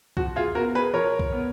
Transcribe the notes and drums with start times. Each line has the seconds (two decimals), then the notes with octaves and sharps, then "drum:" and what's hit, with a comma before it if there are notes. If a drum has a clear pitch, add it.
0.17 F3 F#4, drum: kick
0.36 F4 G#4
0.55 B3 F#4 A#4
0.75 G#4 B4
0.93 F3 A#4 C#5
1.19 drum: kick
1.33 B3